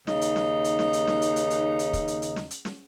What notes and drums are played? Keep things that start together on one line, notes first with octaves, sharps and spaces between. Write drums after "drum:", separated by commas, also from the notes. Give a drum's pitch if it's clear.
D#2 C#3 D#4, drum: snare
drum: hi-hat
drum: snare
drum: hi-hat
drum: snare
drum: hi-hat
drum: snare
drum: hi-hat
drum: hi-hat
drum: hi-hat
drum: hi-hat
drum: kick, hi-hat
drum: hi-hat
drum: hi-hat
drum: snare
drum: hi-hat
drum: snare